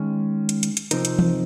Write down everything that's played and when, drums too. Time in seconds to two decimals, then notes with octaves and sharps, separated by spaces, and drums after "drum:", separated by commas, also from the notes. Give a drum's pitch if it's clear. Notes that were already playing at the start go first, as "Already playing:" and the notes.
Already playing: D#3 G#3 C#4
0.49 drum: hi-hat
0.63 drum: hi-hat
0.77 drum: hi-hat
0.91 C3 F3 C4 D#4 A#4, drum: hi-hat
1.05 drum: hi-hat
1.19 drum: tom E3